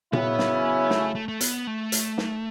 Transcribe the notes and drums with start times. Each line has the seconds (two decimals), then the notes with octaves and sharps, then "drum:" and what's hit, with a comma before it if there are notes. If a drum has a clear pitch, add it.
0.13 C#3 F#3 B3 C#4 E4, drum: tom A#2
0.39 drum: snare
0.90 A3, drum: snare
1.15 A3
1.28 A3
1.41 B3, drum: hi-hat
1.67 A3
1.92 drum: hi-hat
2.18 drum: snare